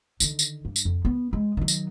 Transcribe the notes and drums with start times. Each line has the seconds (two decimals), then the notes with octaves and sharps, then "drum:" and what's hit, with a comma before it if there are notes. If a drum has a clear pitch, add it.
0.20 D3 D#3, drum: tambourine
0.39 drum: tambourine
0.65 G2
0.76 drum: tambourine
0.85 F2
1.05 B3
1.33 G#3
1.57 D#3 F#3
1.68 drum: tambourine